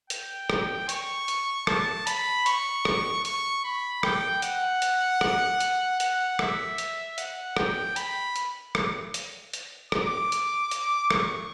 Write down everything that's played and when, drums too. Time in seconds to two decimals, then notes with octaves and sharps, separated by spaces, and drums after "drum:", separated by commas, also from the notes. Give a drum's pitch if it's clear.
0.10 G5, drum: hi-hat
0.50 drum: rim click
0.89 C#6, drum: hi-hat
1.28 drum: hi-hat
1.67 A5, drum: rim click
2.07 B5, drum: hi-hat
2.46 C#6, drum: hi-hat
2.85 drum: rim click
3.25 C#6, drum: hi-hat
3.64 B5
4.03 G5, drum: rim click
4.42 F#5, drum: hi-hat
4.82 drum: hi-hat
5.21 drum: rim click
5.60 drum: hi-hat
6.00 F#5, drum: hi-hat
6.39 E5, drum: rim click
6.78 drum: hi-hat
7.18 F#5, drum: hi-hat
7.57 G5, drum: rim click
7.96 B5, drum: hi-hat
8.36 drum: hi-hat
8.75 drum: rim click
9.14 drum: hi-hat
9.53 drum: hi-hat
9.92 D6, drum: rim click
10.32 drum: hi-hat
10.71 drum: hi-hat
11.10 C#6, drum: rim click